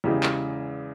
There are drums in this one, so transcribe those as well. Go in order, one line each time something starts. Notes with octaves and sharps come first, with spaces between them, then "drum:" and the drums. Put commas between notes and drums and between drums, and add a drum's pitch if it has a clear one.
E2 C#3 E3 G#3 G4
drum: clap